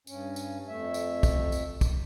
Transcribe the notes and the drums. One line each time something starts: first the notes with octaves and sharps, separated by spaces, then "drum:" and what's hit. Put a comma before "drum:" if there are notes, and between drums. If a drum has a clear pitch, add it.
G2 C#4, drum: tambourine
drum: tambourine
F2 A3 E5
drum: tambourine
drum: kick, tambourine
drum: tambourine
drum: kick, tambourine